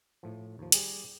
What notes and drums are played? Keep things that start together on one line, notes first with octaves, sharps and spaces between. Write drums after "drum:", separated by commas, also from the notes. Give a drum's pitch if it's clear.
A2 F3
D#2 F3
G3 G4 G#4, drum: hi-hat